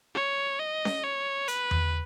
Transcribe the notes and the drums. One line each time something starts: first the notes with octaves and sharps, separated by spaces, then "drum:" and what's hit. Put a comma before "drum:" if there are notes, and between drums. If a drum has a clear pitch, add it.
C#5
D#5
drum: snare C#4
C#5
B4, drum: hi-hat
drum: tom E2